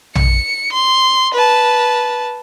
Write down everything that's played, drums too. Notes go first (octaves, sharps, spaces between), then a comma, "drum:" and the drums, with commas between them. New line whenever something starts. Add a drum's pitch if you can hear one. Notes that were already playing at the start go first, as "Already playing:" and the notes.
C#7, drum: tom A#1
C6
B4 A5